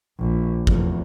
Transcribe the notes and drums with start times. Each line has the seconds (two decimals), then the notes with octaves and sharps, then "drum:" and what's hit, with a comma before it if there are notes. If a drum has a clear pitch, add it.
0.19 A#1
0.67 F1 E2, drum: kick